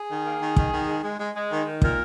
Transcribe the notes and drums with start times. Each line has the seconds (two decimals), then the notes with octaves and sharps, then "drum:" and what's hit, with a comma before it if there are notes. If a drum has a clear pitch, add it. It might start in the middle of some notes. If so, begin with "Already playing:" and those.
Already playing: G#4
0.09 D#3
0.25 A#3
0.41 D#3
0.56 D#3, drum: kick
0.72 D#3
0.87 G#3
1.03 G#3
1.19 G#3
1.34 G#3
1.50 D#3
1.66 D#3
1.82 A#2 A#4, drum: kick